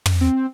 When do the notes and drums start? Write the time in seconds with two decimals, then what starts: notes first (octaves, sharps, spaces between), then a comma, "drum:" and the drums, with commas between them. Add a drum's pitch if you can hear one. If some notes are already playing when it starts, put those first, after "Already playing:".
0.06 drum: tom
0.21 C4